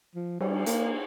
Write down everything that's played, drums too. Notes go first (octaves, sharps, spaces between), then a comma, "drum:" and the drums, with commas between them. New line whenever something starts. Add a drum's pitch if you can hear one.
F3
G3, drum: cymbal
A#3, drum: hi-hat